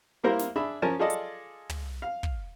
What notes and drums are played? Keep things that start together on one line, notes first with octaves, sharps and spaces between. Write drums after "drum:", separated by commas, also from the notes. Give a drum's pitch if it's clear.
G3 A#3 E4 A#4 C5 F5
drum: snare
D4 G#4 E5 B5
F3 C#4 A#4 G#5 A5
F4 G#4 A4 D5 D#5
drum: hi-hat
drum: tom
F5
drum: kick